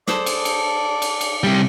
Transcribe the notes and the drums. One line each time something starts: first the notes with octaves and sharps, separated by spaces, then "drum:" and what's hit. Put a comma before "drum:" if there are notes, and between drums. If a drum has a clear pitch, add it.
G#4 A4 C5 D5, drum: snare
drum: cymbal
drum: cymbal
drum: cymbal
drum: cymbal
C3 G3